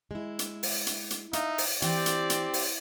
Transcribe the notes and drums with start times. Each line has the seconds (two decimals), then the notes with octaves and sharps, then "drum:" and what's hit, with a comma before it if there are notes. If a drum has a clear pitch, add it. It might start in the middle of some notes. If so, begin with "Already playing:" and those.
0.11 G#3 E4
0.39 drum: hi-hat
0.63 drum: open hi-hat
0.87 drum: hi-hat
1.10 drum: hi-hat
1.33 D#4 E5 F5, drum: hi-hat
1.58 drum: open hi-hat
1.82 E3 C4 G4 D5, drum: hi-hat
2.06 drum: hi-hat
2.30 drum: hi-hat
2.54 drum: open hi-hat